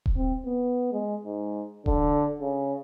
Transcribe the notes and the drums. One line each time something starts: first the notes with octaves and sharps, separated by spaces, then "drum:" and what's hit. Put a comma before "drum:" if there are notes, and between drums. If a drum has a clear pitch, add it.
drum: kick D#1
C4
B3
G#3
G#2
D3, drum: kick D#1
C#3